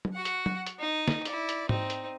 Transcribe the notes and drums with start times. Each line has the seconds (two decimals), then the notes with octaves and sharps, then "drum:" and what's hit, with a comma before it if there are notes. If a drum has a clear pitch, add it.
0.05 drum: tom
0.14 F#4 F#5
0.25 drum: hi-hat
0.46 drum: tom
0.66 drum: hi-hat
0.80 D#4
1.08 drum: snare
1.25 E4 D5, drum: hi-hat
1.49 drum: hi-hat
1.69 C4 D#4, drum: tom G#2
1.90 drum: hi-hat